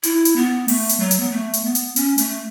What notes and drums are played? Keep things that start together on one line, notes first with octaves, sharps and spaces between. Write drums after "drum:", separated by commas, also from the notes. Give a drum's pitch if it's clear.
E4, drum: hi-hat
drum: hi-hat
B3
A3, drum: open hi-hat
drum: hi-hat
F#3
drum: hi-hat
B3
A3
drum: hi-hat
B3
drum: hi-hat
C#4, drum: hi-hat
A3, drum: hi-hat